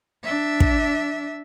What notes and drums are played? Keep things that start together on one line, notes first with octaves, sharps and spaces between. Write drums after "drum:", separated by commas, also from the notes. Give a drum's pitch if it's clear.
D4 E5
drum: kick